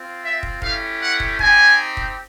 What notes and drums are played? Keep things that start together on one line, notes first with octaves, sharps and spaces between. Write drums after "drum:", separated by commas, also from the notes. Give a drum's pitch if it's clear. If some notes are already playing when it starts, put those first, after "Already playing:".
Already playing: C4 F4
E5
drum: kick
A3 C#4 E4 G4 F5, drum: kick
F#5
drum: kick
C4 D#4 G4 G#5, drum: kick
drum: kick